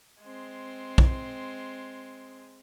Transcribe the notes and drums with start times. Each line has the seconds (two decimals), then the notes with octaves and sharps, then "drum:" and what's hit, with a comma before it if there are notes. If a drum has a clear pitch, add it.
0.21 G#3 C4
0.98 drum: kick